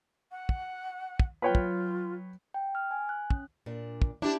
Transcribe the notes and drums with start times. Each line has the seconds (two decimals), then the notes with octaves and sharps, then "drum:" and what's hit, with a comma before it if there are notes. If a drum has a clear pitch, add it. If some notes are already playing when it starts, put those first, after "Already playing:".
0.31 F#5
0.49 drum: kick
1.20 drum: kick
1.42 F#3 F4 B4 C#5 G5
1.55 drum: kick
2.54 G5
2.75 F6
2.91 G#5
3.09 F#6
3.30 C#4, drum: kick
3.66 A#2 D4
4.02 drum: kick
4.22 D4 E4 G4